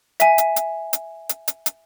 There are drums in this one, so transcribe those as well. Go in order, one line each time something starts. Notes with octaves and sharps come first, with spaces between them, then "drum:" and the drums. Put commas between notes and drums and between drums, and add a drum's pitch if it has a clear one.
E5 G#5, drum: hi-hat
drum: hi-hat
drum: hi-hat
drum: hi-hat
drum: hi-hat
drum: hi-hat
drum: hi-hat